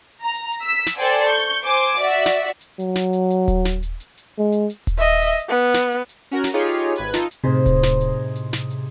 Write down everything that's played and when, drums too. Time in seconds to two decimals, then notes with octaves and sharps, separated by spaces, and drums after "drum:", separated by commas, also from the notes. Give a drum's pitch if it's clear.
0.22 A#5
0.34 drum: hi-hat
0.52 drum: hi-hat
0.63 E6 B6
0.86 drum: snare
0.97 A4 C5 D5 G5 G#5
1.27 C#6 G6
1.39 drum: hi-hat
1.65 C5 G#5 D6
2.00 F#4 D5 E5
2.26 drum: snare
2.43 drum: hi-hat
2.61 drum: hi-hat
2.79 F#3, drum: hi-hat
2.95 drum: snare
3.13 drum: hi-hat
3.30 drum: hi-hat
3.48 drum: kick D#1, hi-hat
3.65 drum: snare
3.83 drum: hi-hat
4.00 drum: hi-hat
4.17 drum: hi-hat
4.38 G#3
4.52 drum: hi-hat
4.70 drum: hi-hat
4.87 drum: kick D#1, hi-hat
4.98 D#5 E5
5.22 drum: hi-hat
5.39 drum: hi-hat
5.49 B3
5.74 drum: snare
5.92 drum: hi-hat
6.09 drum: hi-hat
6.31 C#4 F#4 A#4
6.44 drum: snare
6.54 D#4 F4 G4 G#4 C#5
6.79 drum: hi-hat
6.96 G#1 B4 G#6, drum: hi-hat
7.14 D#4 F4 A4, drum: snare
7.31 drum: hi-hat
7.44 A2 C3 D#4 G#4 C5
7.66 drum: kick D#1, hi-hat
7.83 drum: snare
8.01 drum: hi-hat
8.35 drum: hi-hat
8.53 drum: snare
8.70 drum: hi-hat